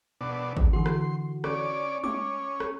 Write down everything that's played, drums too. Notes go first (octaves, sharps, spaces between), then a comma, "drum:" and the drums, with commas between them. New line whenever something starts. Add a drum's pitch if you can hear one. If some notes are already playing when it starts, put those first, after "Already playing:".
B2 D4
drum: kick G#1
D3 E3 F#4 C6
drum: rim click
C#4 D5, drum: rim click
C#4 D6, drum: tom G#3
drum: rim click